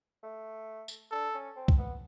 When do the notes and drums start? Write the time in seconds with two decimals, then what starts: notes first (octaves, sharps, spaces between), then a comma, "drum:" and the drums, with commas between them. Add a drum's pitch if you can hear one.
0.23 A3
0.88 drum: tambourine
1.11 D4 A4
1.34 C#4
1.56 C4
1.68 drum: kick C2
1.78 B3